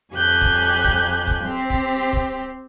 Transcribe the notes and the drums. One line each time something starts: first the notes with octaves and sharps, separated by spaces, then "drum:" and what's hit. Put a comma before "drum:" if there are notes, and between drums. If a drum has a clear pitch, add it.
F2 G4 G#5 F#6 G6
drum: kick C#1
drum: kick C#1
drum: kick C#1
C4 G4 C5
drum: kick C#1
drum: kick C#1